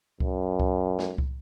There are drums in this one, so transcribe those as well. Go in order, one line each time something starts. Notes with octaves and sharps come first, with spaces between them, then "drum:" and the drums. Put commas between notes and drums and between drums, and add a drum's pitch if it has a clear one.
F#2, drum: kick C2
drum: kick C2
drum: snare
drum: kick C2